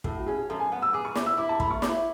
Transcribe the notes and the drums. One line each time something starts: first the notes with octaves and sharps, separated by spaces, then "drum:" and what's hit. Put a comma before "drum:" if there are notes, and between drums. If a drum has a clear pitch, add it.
A2 A4, drum: kick
F#4
C#4 G#4
G#4
F#2 A4
G#5
B3 F#5
E6
G#4 D6
C#6
E4 D6, drum: snare
E6
E4 D6
A5
A3 B5, drum: kick
C#6
E4 D6, drum: snare